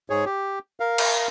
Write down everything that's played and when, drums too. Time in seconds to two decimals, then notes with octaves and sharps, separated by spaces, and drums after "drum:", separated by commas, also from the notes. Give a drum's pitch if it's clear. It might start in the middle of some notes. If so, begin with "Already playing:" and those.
0.10 G#2 G#4 C#5
0.26 G4
0.80 A#4 F5
0.98 drum: cymbal